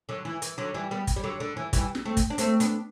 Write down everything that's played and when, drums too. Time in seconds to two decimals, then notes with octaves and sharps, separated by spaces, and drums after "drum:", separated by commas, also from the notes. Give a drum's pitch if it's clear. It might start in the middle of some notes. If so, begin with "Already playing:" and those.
0.09 D3 F#3
0.25 E3
0.42 E3, drum: hi-hat
0.58 D3 F#3
0.74 E3 G3
0.91 G3 B3
1.07 drum: kick, hi-hat
1.16 G3
1.24 D3 F#3
1.40 D3
1.57 E3
1.73 E3 G3, drum: kick, hi-hat
1.95 drum: snare
2.05 A3 C4
2.17 drum: kick, hi-hat
2.30 D4
2.38 A3 C4, drum: hi-hat
2.60 B3 D4, drum: hi-hat